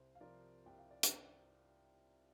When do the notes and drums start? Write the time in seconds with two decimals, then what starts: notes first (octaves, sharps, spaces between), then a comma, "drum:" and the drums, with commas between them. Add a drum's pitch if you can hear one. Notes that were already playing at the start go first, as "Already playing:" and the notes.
Already playing: C2 C5
0.15 F5
0.21 C3 F3 C4 A#4 D5
0.66 C2 G5
0.79 F5
0.91 D5
1.03 C5 F5, drum: hi-hat